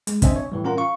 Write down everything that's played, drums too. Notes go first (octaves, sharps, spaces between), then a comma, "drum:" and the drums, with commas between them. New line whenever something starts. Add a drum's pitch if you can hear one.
G#3, drum: hi-hat
C4 D4 C5 D#5 E5 G#5, drum: kick, hi-hat
C#5
A2 E3 G3
C#4 F4 A#4 F#5 A#5
F5 C#6